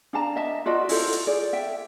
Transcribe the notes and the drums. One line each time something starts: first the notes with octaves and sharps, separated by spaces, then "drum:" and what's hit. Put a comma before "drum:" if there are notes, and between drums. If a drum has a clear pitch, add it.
D4 F5 A5 A#5
D#5 E5 A5
F4 F#4 D5 D#5
E4 F4 A4 C5, drum: open hi-hat
drum: hi-hat
G#4 D5
E5 G5